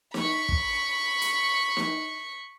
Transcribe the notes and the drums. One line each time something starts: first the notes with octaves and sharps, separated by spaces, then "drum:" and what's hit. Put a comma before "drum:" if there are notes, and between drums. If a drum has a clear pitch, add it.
B5 C#6, drum: snare
drum: kick
drum: hi-hat
drum: snare